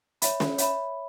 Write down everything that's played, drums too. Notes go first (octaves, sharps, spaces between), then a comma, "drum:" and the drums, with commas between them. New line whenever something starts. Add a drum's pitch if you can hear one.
C#5 E5 B5, drum: hi-hat
drum: snare
C#5 E5 B5, drum: hi-hat